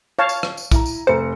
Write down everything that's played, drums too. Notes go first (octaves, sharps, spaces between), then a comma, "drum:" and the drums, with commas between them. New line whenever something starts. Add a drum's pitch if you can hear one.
C#5 F5 A5
drum: tambourine
drum: rim click
drum: tambourine
E4 A#5, drum: kick, tambourine
drum: tambourine
F1 C5 A#5 C#7